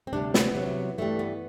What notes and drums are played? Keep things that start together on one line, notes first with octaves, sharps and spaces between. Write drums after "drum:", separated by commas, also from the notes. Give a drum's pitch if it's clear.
C4
D2 C3 G3 D4
B3, drum: snare
E2 C3 F#3
G2 E3 G3 A3
B3